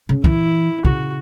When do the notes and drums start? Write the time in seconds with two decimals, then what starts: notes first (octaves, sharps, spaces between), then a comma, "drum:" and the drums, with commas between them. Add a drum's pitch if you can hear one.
0.09 C#3
0.24 E3 E4, drum: kick
0.85 C#3 F#4, drum: kick